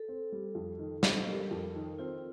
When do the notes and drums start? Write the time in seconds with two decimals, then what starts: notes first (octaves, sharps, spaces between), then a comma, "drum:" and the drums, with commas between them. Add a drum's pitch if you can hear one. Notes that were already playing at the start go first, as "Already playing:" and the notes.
Already playing: A4
0.09 C4
0.32 G3
0.55 F2
0.79 D#3
1.03 C4, drum: snare
1.27 G3 A#4
1.51 F2
1.75 D#3
1.99 C4 F4